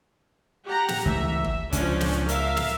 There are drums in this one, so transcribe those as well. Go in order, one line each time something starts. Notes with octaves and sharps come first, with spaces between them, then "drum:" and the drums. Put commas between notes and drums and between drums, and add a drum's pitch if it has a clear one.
G4 F#5 A#5
drum: snare
C#2 E3 A3 E5
drum: kick
C#2 F3 C#4 D4, drum: hi-hat
drum: snare
A#4 E5 F5, drum: hi-hat
drum: snare